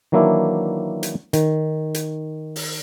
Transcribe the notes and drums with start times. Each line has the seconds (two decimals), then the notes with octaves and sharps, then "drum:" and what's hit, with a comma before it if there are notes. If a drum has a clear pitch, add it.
0.12 D#3 E3 F#3 A#3 D4 E4
1.03 drum: hi-hat
1.33 D#3, drum: hi-hat
1.94 drum: hi-hat
2.56 drum: open hi-hat